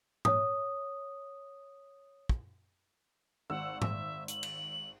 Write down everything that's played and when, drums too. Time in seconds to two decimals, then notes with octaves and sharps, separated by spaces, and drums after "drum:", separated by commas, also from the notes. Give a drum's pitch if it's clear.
0.25 C#5 D#6, drum: tom G#2
2.29 drum: kick
3.50 G#1 F#5 E6
3.82 E5, drum: tom G#2
4.28 F#7, drum: hi-hat
4.43 drum: cymbal